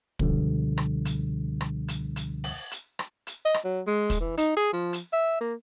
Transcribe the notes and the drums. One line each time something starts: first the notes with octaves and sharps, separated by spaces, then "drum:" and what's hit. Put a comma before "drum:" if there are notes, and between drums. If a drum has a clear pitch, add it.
C#2 B2 D3 F3 G3, drum: kick
drum: rim click
drum: hi-hat
drum: rim click
drum: hi-hat
drum: hi-hat
drum: open hi-hat
drum: hi-hat
drum: rim click
drum: hi-hat
D#5
drum: rim click
F#3
G#3
drum: kick, hi-hat
E3
D#4, drum: hi-hat
G#4
F3
drum: hi-hat
E5
A#3